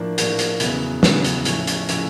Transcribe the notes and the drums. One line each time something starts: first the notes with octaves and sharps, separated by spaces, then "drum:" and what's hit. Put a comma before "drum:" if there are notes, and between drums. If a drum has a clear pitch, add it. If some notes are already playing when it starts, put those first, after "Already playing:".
Already playing: A2 F3 A#3 D4
A2 F3 A#3 D4, drum: hi-hat
drum: hi-hat
E2 C#3 F#3 B3, drum: hi-hat
E2 C#3 F#3 B3, drum: snare
drum: hi-hat
A2 F3 A3 C#4, drum: hi-hat
drum: hi-hat
A2 F3 A3 C#4, drum: hi-hat